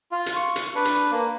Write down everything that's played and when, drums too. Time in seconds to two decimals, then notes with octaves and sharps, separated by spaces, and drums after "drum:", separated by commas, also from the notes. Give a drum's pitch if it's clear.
0.12 F4
0.26 drum: hi-hat
0.36 C#6
0.56 drum: hi-hat
0.75 D4 B4
0.85 drum: hi-hat
1.11 A#3